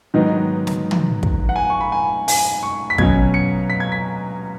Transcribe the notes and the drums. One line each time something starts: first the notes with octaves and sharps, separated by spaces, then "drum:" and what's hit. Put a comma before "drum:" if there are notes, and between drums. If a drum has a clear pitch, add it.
G#2 D#3 F#3 B3 D#4
drum: snare
drum: tom
drum: kick
F#5
G#5
C#6
B5
G#5
G#5, drum: open hi-hat
C#6
B6
B2 F#3 C#4 G#6, drum: kick
C#7
B6
G#6
B6